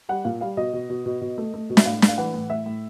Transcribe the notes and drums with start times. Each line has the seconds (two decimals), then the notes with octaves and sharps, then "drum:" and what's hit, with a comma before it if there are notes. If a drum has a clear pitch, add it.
0.09 G3 F#5
0.25 A#2 F5
0.41 G3 F5
0.57 B2 D#5
0.73 B2
0.90 B2
1.06 B2
1.21 B2
1.38 A3
1.54 A3
1.70 B2
1.77 E5, drum: snare
1.85 A2 F5
2.02 A2, drum: snare
2.08 F5
2.18 E3 F#5
2.34 A2
2.50 A2 E5
2.66 A2